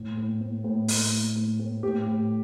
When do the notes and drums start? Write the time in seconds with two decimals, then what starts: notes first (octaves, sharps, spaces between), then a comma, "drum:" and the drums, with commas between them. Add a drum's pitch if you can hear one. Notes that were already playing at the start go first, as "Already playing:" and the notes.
Already playing: A2
0.17 A2
0.41 A2
0.64 A2
0.88 A2, drum: open hi-hat
1.12 A2
1.36 A2
1.60 A2
1.83 A2 G4
2.07 A2